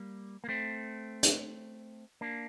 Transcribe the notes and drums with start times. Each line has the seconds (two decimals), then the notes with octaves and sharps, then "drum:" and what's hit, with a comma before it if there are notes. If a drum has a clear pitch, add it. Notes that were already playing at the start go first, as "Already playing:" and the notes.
Already playing: G3 A#3
0.44 A#3
0.49 A3 C4
1.23 drum: hi-hat
2.21 A#3 D4